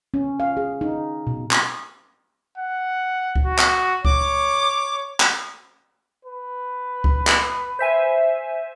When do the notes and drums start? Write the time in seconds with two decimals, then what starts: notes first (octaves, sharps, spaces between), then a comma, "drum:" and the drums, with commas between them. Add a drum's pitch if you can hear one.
0.14 C#4
0.40 F5
0.57 G#4
0.81 D#4
1.27 B2
1.51 drum: clap
2.58 F#5
3.36 drum: kick C#2
3.46 F#4
3.59 drum: clap
4.05 C#5 D6, drum: kick C#2
5.20 drum: clap
6.25 B4
7.04 drum: kick C#2
7.27 drum: clap
7.79 C5 E5 G#5